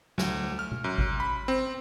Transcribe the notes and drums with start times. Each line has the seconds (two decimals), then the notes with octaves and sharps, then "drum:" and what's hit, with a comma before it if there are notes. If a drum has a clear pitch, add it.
0.18 D2, drum: snare
0.59 F6
0.72 drum: tom B2
0.84 F#2
0.98 drum: kick G#1
1.20 B5
1.48 C4